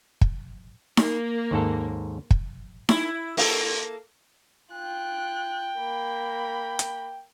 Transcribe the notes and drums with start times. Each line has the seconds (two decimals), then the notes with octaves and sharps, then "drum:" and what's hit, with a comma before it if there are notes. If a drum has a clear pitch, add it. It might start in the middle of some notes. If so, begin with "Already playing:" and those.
0.21 drum: kick
0.97 A#3, drum: snare D#4
1.51 D#2 G#2 A4
2.31 drum: kick
2.89 E4, drum: snare D#4
3.37 A#3 A4, drum: open hi-hat
4.73 F4 G5 F#6
5.79 A#3 B5
6.79 drum: hi-hat